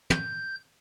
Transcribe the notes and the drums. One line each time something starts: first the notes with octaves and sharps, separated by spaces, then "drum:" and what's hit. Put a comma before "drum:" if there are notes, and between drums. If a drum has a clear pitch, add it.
G6, drum: tom